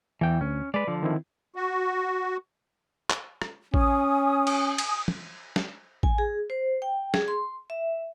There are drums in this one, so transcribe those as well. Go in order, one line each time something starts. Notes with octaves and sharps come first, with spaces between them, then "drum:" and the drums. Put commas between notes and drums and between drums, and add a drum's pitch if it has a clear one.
E2 E3 G5
D2 C#4
G#3 B4 D5
D3 F3
D#3 C4 E4
F#4
drum: clap
drum: rim click
C#4 G#5 D#6, drum: kick A1
drum: cymbal
drum: cymbal
drum: tom
drum: snare
G#5, drum: kick A1
G#4
C5
G5
G#4, drum: snare
C6
E5